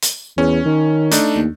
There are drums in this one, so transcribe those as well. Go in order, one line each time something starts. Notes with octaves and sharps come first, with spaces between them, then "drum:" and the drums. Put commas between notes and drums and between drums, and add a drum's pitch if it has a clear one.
drum: hi-hat
E2 C#4
D#3
A3 D4 D#4, drum: hi-hat
D#2